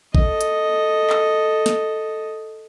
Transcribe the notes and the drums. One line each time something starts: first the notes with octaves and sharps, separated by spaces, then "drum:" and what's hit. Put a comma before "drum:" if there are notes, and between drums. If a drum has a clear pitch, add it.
A4 D#5, drum: kick A1
drum: hi-hat
drum: clap
drum: snare